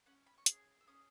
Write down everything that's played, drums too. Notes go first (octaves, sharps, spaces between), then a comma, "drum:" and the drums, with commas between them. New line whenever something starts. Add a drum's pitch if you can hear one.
C#4 F#5
B5
C#6
G#4 D#6, drum: hi-hat
E6
C#4 D#6